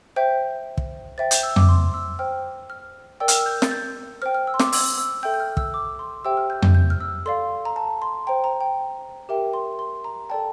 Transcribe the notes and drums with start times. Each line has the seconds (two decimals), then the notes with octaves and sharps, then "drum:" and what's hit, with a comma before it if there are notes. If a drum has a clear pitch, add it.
0.16 C5 E5 G5 G6
0.78 drum: kick
1.18 C5 E5 G5 A6
1.31 G6, drum: hi-hat
1.43 E6
1.56 D6, drum: tom F2
1.69 C6
1.94 E6
2.19 C5 G5 F6
2.70 F6
3.20 A#4 D5 G5 E6
3.28 F6, drum: hi-hat
3.35 E6
3.46 G6
3.62 A6, drum: snare
3.71 G6
4.22 C5 G5 F6
4.35 F6
4.47 E6
4.54 C6
4.60 D6, drum: snare
4.72 E6, drum: open hi-hat
4.98 E6
5.23 A4 E5 G5 G6
5.34 G6
5.40 F6
5.57 E6, drum: kick
5.74 D6
5.99 C6
6.25 G4 C5 E5 G5 E6
6.37 F6
6.50 G6
6.62 G6, drum: tom F2
6.75 G6
6.90 F6
7.00 E6
7.26 A4 D5 F5 C6
7.65 A#5
7.76 A5
8.02 C6
8.27 C5 G5 A#5
8.44 A#5
8.61 G5
9.29 G4 A#4 E5 G5
9.54 C6
9.79 C6
10.04 A#5
10.29 A4 D5 G5 A5